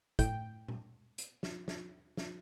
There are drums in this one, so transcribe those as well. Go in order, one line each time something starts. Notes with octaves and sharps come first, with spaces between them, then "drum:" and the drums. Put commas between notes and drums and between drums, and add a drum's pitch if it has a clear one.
A2 G5, drum: kick, hi-hat
drum: tom A#2
drum: hi-hat
drum: snare
drum: snare
drum: snare